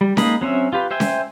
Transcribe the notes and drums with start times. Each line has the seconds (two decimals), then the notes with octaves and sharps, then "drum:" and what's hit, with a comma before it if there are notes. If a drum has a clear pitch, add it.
0.01 G3
0.17 G#3 A#3 D#4 B5 D#6, drum: snare C#4
0.41 F#3 C4 C#4 E5
0.73 F4 G4 B4
0.91 C5 E5 G5 G#5
1.00 drum: snare C#4